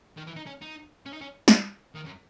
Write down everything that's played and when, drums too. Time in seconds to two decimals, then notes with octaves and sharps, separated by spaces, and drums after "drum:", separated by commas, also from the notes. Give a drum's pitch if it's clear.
0.17 D#3
0.27 E3
0.36 D#4
0.46 C#4
0.61 D#4
1.06 C#4
1.13 D#4
1.21 C#4
1.48 drum: snare
1.95 D#3
2.04 F#2